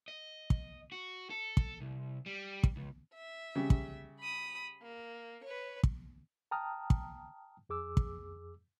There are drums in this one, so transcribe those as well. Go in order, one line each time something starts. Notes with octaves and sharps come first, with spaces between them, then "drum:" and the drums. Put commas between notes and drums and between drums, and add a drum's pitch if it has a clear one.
D#5
drum: kick
F#4
A4
drum: kick
C2
G3
drum: kick
C#2
E5
C#3 G3
drum: kick
B5 D#6
A#3
B4 C#5
drum: kick
G5 A5 A#5 D#6 F6
drum: kick
F2 G#4 D6 E6
drum: kick